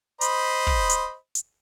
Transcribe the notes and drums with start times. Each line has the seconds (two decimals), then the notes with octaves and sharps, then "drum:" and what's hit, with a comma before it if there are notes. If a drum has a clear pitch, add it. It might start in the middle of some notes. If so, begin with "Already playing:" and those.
0.21 C5 D#5 B5, drum: hi-hat
0.67 drum: kick
0.89 drum: hi-hat
1.35 drum: hi-hat